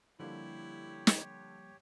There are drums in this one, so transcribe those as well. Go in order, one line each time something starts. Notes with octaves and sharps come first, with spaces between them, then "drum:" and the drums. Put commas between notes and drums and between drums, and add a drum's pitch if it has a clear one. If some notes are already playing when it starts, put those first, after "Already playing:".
D3 F3 G3 A#3 E4 G4 C#5
drum: snare